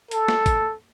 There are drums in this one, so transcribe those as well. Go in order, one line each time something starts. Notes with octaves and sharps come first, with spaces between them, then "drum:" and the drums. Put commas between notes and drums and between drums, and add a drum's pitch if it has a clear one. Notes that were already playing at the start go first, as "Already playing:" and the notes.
A4, drum: hi-hat
drum: snare
drum: kick G#1, hi-hat